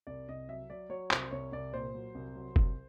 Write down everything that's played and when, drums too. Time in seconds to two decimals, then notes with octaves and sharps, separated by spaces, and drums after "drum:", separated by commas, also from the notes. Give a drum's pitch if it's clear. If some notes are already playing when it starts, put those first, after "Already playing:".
0.07 C2 D5
0.28 C2 D#5
0.48 F#3 E5
0.70 F#3 D5
0.90 F#3 C#5
1.11 C2 C5, drum: clap
1.31 C2 C#5
1.52 C2 D5
1.73 A#2 C5
1.95 F#3
2.15 C2
2.36 F#3
2.56 C2, drum: kick